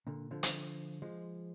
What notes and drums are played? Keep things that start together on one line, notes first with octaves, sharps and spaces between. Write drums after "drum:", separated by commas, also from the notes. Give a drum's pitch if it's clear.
A#2 D3
D3 F3
drum: hi-hat
F3 G#3